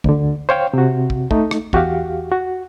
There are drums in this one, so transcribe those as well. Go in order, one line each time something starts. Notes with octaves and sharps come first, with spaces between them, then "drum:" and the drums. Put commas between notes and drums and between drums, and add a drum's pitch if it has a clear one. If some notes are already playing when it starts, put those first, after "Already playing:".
D2 D3, drum: kick
C5 C#5 F5 G5
C3 F#4
drum: kick
A3 D#4, drum: kick
drum: rim click
E2 F#4 G4 F5, drum: kick
F#4